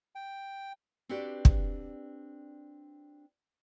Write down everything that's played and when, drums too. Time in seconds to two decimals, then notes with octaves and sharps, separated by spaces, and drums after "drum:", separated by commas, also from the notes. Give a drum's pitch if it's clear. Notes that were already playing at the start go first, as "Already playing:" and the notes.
0.15 G5
1.09 C4 D4 F#4 G4 B4 D5
1.45 drum: kick